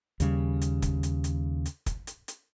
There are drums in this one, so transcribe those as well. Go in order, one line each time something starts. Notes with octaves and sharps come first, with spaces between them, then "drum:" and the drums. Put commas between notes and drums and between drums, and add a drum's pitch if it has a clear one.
D#2 C#3 G3, drum: hi-hat
drum: hi-hat
drum: kick, hi-hat
drum: hi-hat
drum: hi-hat
drum: hi-hat
drum: kick, hi-hat
drum: hi-hat
drum: hi-hat